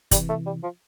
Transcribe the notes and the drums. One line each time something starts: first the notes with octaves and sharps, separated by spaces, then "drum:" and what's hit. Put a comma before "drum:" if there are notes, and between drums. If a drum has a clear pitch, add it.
C3 E3 G3, drum: kick, hi-hat
A3
G3
F3